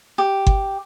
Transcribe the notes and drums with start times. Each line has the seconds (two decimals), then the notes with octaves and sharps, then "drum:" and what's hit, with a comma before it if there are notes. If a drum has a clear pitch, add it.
0.18 G4
0.47 drum: kick G1